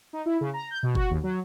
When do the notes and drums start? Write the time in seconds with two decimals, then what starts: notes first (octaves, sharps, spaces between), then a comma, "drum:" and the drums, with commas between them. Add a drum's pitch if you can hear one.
0.13 D#4
0.26 E4
0.41 C#3
0.53 A#5
0.71 G6
0.83 B2
0.95 F#4, drum: kick F#1
1.10 D#2
1.23 F#3